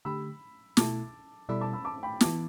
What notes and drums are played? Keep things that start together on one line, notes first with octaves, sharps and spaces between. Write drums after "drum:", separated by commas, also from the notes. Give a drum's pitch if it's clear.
D3 A3 G4 B5 E6
B2 A3 E4 A5 D6, drum: snare
B2 G3 E4 A4 D5 B5 E6
A5 D6
B5 E6
A5 D6
G5 B5
E3 B3 E4 A5 D6, drum: snare